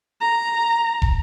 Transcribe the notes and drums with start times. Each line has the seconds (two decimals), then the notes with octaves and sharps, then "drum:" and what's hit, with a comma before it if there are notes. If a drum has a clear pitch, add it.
0.21 A#5
1.02 drum: kick